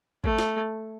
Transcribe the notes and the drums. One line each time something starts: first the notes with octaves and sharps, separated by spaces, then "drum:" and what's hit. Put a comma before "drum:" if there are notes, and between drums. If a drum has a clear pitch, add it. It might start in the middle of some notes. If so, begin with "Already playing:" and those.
A3, drum: kick
drum: snare